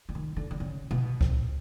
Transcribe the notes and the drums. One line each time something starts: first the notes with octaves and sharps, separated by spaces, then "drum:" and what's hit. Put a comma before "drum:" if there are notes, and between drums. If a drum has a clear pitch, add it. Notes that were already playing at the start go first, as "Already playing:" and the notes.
D3
D#3
D3
D3
C#3
B2
drum: kick C#2